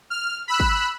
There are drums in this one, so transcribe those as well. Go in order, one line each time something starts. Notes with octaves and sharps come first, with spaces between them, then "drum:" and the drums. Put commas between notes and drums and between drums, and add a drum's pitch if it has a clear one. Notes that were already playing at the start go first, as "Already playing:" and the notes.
F6
B5 E6 F#6
drum: kick